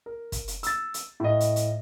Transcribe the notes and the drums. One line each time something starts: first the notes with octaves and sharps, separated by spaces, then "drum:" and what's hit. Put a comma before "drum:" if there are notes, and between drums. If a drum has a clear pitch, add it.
A#4
drum: kick, hi-hat
drum: hi-hat
E6 A6, drum: hi-hat
drum: hi-hat
A2 D#5
drum: hi-hat
drum: hi-hat